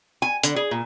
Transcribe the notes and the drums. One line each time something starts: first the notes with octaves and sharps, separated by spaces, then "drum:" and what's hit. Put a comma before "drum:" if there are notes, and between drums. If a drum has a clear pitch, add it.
G#5
D3, drum: hi-hat
G#4
A#2